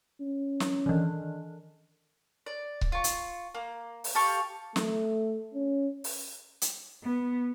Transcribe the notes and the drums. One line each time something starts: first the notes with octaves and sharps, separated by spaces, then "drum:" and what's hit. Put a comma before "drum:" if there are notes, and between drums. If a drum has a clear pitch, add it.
C#4
drum: snare
D#3 E3
D5
drum: kick C#1
F4 C#6
drum: hi-hat
A#3
drum: open hi-hat
G4 A4 F5 C#6
A3, drum: snare
C#4
drum: open hi-hat
drum: hi-hat
B3